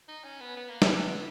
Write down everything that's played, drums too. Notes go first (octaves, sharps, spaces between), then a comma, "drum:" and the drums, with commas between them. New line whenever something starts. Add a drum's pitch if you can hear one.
D#4
C#4
B3
B3
A#3
B3, drum: snare